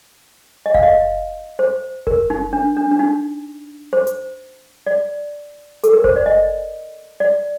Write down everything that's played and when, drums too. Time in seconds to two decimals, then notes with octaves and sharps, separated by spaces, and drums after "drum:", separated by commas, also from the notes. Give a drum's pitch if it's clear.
0.66 D#5
0.74 F5, drum: kick F#1
0.83 D#5
1.59 C5
2.07 A#4, drum: kick F#1
2.30 D#4
2.53 D4
2.77 D4
2.91 D4
2.99 D#4
3.93 C5
4.07 drum: hi-hat
4.87 D5
5.84 A4, drum: hi-hat
5.93 A#4
6.04 C5, drum: kick F#1
6.16 D5
6.26 D#5
7.20 D5